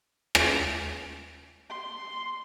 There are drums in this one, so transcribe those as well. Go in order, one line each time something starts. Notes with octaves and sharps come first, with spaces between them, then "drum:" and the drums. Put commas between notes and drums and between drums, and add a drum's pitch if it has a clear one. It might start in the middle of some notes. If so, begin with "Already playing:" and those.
drum: rim click
C6